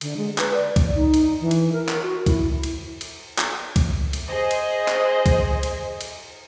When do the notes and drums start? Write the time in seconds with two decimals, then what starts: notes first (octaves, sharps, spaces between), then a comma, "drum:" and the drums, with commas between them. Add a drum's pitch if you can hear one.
0.01 D3, drum: cymbal
0.17 G#3
0.38 B4, drum: clap
0.54 D5
0.76 drum: kick C2, cymbal
0.95 D#4
1.14 drum: cymbal
1.41 E3
1.51 drum: cymbal
1.73 A#4
1.89 drum: clap
2.03 F#4
2.26 E4, drum: kick C2, cymbal
2.63 drum: cymbal
3.01 drum: cymbal
3.38 drum: clap
3.76 drum: kick C2, cymbal
4.13 drum: cymbal
4.27 G#4 C5 D#5
4.51 drum: cymbal
4.88 drum: clap
5.26 drum: kick C2, cymbal
5.63 drum: cymbal
6.01 drum: cymbal